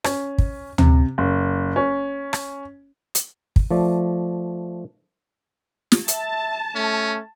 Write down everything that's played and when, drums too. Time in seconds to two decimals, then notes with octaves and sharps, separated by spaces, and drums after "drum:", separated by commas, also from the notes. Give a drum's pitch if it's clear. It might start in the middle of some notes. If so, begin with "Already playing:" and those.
0.04 C#4, drum: rim click
0.38 drum: kick
0.78 C3, drum: tom D2
1.18 F#1
1.76 C#4
2.33 drum: rim click
3.15 drum: hi-hat
3.56 drum: kick
3.71 F3 A3 D5
5.92 drum: snare
6.08 E5 A5, drum: hi-hat
6.75 A3 C#4